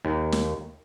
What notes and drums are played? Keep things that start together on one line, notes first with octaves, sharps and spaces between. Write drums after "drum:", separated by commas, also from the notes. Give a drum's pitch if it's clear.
D#2
drum: snare